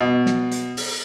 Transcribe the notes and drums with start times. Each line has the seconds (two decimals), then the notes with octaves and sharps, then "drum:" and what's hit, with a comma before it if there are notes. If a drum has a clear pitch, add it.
0.01 B2
0.26 drum: snare
0.51 drum: hi-hat
0.77 drum: open hi-hat